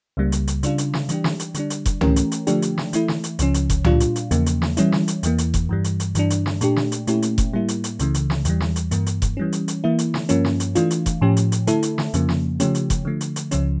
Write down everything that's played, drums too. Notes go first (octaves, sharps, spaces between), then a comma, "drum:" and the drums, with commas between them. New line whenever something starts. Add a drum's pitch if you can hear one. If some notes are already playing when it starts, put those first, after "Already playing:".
C#2 C#3 G3 A#3
drum: hi-hat
drum: hi-hat
C#3 G3 D4 F4, drum: hi-hat
drum: hi-hat
drum: snare
E3 G3 D4 G4, drum: hi-hat
drum: snare
drum: hi-hat
D3 G3 D4, drum: hi-hat
drum: hi-hat
drum: kick F1, hi-hat
E3 A3 C#4 G4 A#4, drum: tom C#2
drum: hi-hat
drum: hi-hat
D3 F3 A3 D4 G4, drum: hi-hat
drum: hi-hat
drum: snare
E3 A3 E4, drum: hi-hat
drum: snare
drum: hi-hat
C#2 C#3 F3 C#4, drum: hi-hat
drum: hi-hat
drum: kick F1, hi-hat
A#2 G3 D4 F4, drum: tom C#2
drum: hi-hat
drum: hi-hat
E2 C#3 F3 A#3, drum: hi-hat
drum: hi-hat
drum: snare
E3 G3 C#4 E4, drum: hi-hat
drum: snare
drum: hi-hat
E2 E3 A#3, drum: hi-hat
drum: hi-hat
drum: kick F1, hi-hat
G2 E3 G3
drum: hi-hat
drum: hi-hat
G2 E3 G3 D4, drum: hi-hat
drum: hi-hat
drum: snare
A#2 A3 D4 G4, drum: hi-hat
drum: snare
drum: hi-hat
A#2 A3 C#4 E4 G4, drum: hi-hat
drum: hi-hat
drum: kick F1, hi-hat
A2 G3 A#3 E4
drum: hi-hat
drum: hi-hat
C#2 C#3 E3 A3, drum: hi-hat
drum: hi-hat
drum: snare
E2 E3 G3, drum: hi-hat
drum: snare
drum: hi-hat
G2 E3 A#3, drum: hi-hat
drum: hi-hat
drum: kick F1, hi-hat
E3 G3 C#4
drum: hi-hat
drum: hi-hat
E3 A#3 E4
drum: hi-hat
drum: snare
G2 F3 A#3 C#4, drum: hi-hat
drum: snare
drum: hi-hat
E3 A3 D4 F4, drum: hi-hat
drum: hi-hat
drum: kick F1, hi-hat
A2 F3 C#4 G4
drum: hi-hat
drum: hi-hat
D3 A3 E4 A4, drum: hi-hat
drum: hi-hat
drum: snare
F2 C#3 F3 A#3, drum: hi-hat
drum: snare
C#3 F3 A3 C#4 G4, drum: hi-hat
drum: hi-hat
drum: kick F1, hi-hat
D3 F3 A3
drum: hi-hat
drum: hi-hat
C#2 C#3 F3 C#4, drum: hi-hat